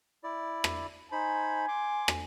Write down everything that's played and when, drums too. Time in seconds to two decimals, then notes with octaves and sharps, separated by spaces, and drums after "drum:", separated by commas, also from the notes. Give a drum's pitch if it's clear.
0.24 E4 D5
0.64 drum: rim click
1.12 D#4 C5 G#5 B5
1.68 C6 D6
2.08 drum: rim click